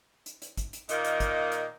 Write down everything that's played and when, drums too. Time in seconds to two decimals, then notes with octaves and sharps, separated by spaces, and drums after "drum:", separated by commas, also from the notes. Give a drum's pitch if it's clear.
0.26 drum: hi-hat
0.42 drum: hi-hat
0.57 drum: kick G#1, hi-hat
0.73 drum: hi-hat
0.89 A#2 D#3 A#3 D#4 A#4 D#5, drum: hi-hat
1.05 drum: hi-hat
1.20 drum: kick G#1, hi-hat
1.52 drum: hi-hat